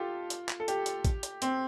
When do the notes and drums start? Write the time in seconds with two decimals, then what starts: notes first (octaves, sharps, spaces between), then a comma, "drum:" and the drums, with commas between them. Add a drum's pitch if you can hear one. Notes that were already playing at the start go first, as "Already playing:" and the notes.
Already playing: F4 G4 A4
0.30 drum: hi-hat
0.49 drum: clap
0.60 A4
0.68 G4, drum: hi-hat
0.86 drum: hi-hat
1.05 drum: kick A1, hi-hat
1.23 drum: hi-hat
1.42 C4, drum: hi-hat